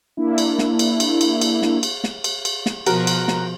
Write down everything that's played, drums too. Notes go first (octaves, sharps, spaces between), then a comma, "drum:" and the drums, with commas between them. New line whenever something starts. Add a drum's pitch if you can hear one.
A#3 D4 E4
drum: cymbal
drum: snare
drum: cymbal
drum: cymbal
drum: cymbal
drum: cymbal
drum: snare
drum: cymbal
drum: snare
drum: cymbal
drum: cymbal
drum: snare
B2 F3 F#4 A#4, drum: cymbal
drum: cymbal
drum: snare